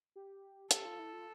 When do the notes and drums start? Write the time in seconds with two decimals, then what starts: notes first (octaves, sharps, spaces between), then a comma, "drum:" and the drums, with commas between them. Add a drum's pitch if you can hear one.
0.16 G4
0.71 G4 A4, drum: hi-hat
0.85 F4
0.99 E4
1.13 F4